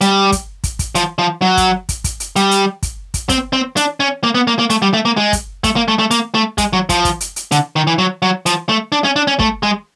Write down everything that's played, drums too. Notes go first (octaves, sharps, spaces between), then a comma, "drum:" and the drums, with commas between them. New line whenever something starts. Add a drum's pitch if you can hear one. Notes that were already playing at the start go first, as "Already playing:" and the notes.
G3, drum: hi-hat
drum: kick, hi-hat
drum: kick, hi-hat
drum: kick, hi-hat
F3, drum: hi-hat
F3
F#3
drum: kick, hi-hat
drum: kick, hi-hat
drum: kick, hi-hat
drum: hi-hat
G3, drum: hi-hat
drum: hi-hat
drum: kick, hi-hat
drum: kick, hi-hat
C4, drum: kick, hi-hat
C4
D4, drum: hi-hat
C#4
A#3
B3
A#3
A#3
A3, drum: hi-hat
G3
A3
A#3
G#3
drum: kick, hi-hat
A3, drum: kick, hi-hat
A#3
A3
A3
A#3, drum: hi-hat
A3
G#3, drum: kick, hi-hat
F#3
F3, drum: kick, hi-hat
drum: kick, hi-hat
drum: hi-hat
drum: hi-hat
D3, drum: hi-hat
D#3
E3
F#3
F#3
F3, drum: hi-hat
A3
D4
C#4
D4
C#4
A3, drum: kick
G#3